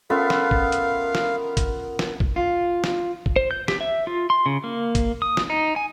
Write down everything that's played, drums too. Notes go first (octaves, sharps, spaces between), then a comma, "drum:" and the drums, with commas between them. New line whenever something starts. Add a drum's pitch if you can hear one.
B3 C#4 F4 A4 A#4 E5 F5
drum: snare
drum: kick
drum: hi-hat
drum: snare
drum: kick, hi-hat
drum: snare
drum: kick
F4
drum: snare
drum: kick
C5
G6
G4, drum: snare
E5
F4
C6
C#3
A#3
drum: kick, hi-hat
D#6
drum: snare
D#4
G#5